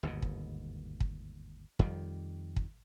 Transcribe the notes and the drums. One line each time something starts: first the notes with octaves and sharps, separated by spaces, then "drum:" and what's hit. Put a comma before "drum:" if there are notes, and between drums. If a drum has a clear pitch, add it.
G1 D#2 G#2 B2
drum: kick
drum: kick
F2 D#3 G3, drum: kick
drum: kick